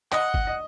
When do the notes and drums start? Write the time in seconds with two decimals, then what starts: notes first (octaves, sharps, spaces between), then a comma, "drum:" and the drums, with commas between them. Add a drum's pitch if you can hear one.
0.12 D#5 F#5, drum: clap
0.34 drum: kick
0.47 D#5